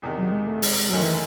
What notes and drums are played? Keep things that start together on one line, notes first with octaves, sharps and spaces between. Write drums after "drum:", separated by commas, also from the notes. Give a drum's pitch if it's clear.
E1 E2 C3 D#3
F#3
G#3
A3
G#3, drum: open hi-hat
G#3
F#1 F#2 D#3 F#3 A3
E3